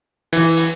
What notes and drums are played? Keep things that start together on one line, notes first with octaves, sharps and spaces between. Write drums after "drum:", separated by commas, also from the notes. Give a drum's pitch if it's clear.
E3, drum: hi-hat
drum: hi-hat